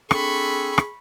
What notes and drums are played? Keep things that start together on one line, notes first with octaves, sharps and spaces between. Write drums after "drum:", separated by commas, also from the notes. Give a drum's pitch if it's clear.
C4 D4 G#4 A4 B5 C#6, drum: rim click
drum: rim click